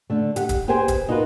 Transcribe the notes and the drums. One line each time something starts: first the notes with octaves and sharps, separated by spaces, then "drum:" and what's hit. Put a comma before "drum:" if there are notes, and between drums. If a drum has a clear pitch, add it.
D3 A3
G4 F#5, drum: hi-hat
drum: kick D#1, hi-hat
G4 G#4 B4 C5 G5 G#5
drum: kick D#1, hi-hat
D#4 F4 F#4 A#4 B4